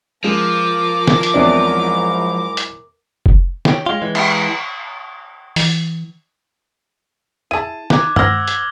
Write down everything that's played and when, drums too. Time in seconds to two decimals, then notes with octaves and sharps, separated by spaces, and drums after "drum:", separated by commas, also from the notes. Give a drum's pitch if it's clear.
0.24 F3 G#3 A#4 D6
1.08 drum: snare
1.23 drum: hi-hat
1.34 E2 G#2 F#3 C4 D4 E4
2.57 drum: hi-hat
3.26 drum: kick F1
3.65 G4 C#5 G5, drum: snare
3.86 G#3 F4
4.02 E3 G#3
4.15 E4 G4, drum: cymbal
5.56 E3, drum: open hi-hat
7.51 E4 G#4 A5 D#7
7.90 D#4 D6 F#6 G#6, drum: snare
8.16 C5 F#5 E6 F6 G#6 A#6 G7, drum: tom G2
8.48 drum: hi-hat